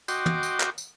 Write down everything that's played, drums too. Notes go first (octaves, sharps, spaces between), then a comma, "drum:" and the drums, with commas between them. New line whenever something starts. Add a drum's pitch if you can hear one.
F#4 D#5 G5 C6 D6, drum: tambourine
drum: tom
drum: tambourine
drum: clap
drum: tambourine